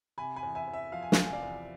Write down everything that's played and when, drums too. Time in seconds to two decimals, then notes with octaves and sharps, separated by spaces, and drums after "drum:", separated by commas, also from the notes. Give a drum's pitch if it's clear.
0.18 C3 G#5 B5
0.36 G#5 B5
0.43 E2
0.55 E5 G#5
0.67 E2
0.73 E5
0.92 F3 F5
1.02 G#5
1.12 F5, drum: snare
1.17 C3
1.23 G#5
1.33 D5 F5
1.42 E2